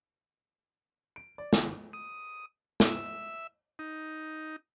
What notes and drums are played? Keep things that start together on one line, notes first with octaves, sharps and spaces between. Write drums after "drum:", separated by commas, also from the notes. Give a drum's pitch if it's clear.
D7
D5
G#1, drum: snare
D#6
E5, drum: snare
D#4